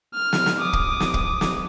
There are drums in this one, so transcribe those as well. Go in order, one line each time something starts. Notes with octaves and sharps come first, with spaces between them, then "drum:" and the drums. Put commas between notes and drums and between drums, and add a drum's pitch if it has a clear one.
F6
drum: snare
drum: snare
D6 D#6
drum: kick
drum: snare
drum: kick
drum: snare